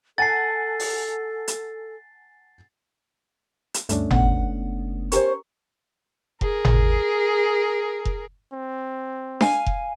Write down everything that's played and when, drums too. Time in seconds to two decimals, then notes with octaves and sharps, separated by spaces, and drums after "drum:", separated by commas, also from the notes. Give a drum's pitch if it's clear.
0.18 A4 F#5 G#5 A5 A6 C7
0.79 drum: open hi-hat
1.48 drum: hi-hat
3.74 drum: hi-hat
3.89 D2 G2 A3 C#4 D4, drum: hi-hat
4.11 F#1 B3 F#5, drum: tom G#1
5.12 C#4 G4 A#4 C5 C#6, drum: hi-hat
6.41 G#4 A#4, drum: kick F1
6.65 drum: tom G#1
8.05 drum: kick F1
8.53 C4
9.41 F5 G#5, drum: snare D4
9.66 drum: kick F1